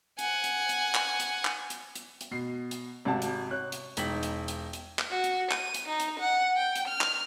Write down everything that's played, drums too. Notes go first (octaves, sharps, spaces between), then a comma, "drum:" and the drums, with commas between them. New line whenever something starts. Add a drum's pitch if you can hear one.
F#5 G#5, drum: hi-hat
drum: hi-hat
drum: hi-hat
drum: clap
drum: hi-hat
drum: clap
drum: hi-hat
drum: hi-hat
drum: hi-hat
B2 C7
drum: hi-hat
G#1 C3 F#4 A5
drum: hi-hat
C#5 F#6
drum: hi-hat
E1 D#4 B6 F#7, drum: hi-hat
drum: hi-hat
drum: hi-hat
drum: hi-hat
drum: clap
F#4
drum: hi-hat
D#7, drum: clap
drum: hi-hat
D#4
drum: hi-hat
F#5
G5
drum: hi-hat
F6
drum: clap